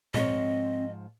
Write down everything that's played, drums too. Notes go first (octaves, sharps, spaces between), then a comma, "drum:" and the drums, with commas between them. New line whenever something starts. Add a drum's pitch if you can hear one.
G#2 F3 C4 C#5 D#5, drum: tom A#2